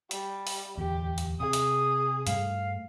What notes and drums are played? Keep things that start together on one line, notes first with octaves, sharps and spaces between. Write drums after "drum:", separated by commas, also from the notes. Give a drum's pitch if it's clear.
G3, drum: hi-hat
drum: open hi-hat
D1 E2 G4
drum: hi-hat
C3 G#4 D#6
drum: hi-hat
G2 G3 A3 F5, drum: hi-hat